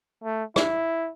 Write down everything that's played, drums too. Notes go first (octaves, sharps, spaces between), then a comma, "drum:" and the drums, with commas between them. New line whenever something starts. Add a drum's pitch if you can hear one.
A3
E4, drum: rim click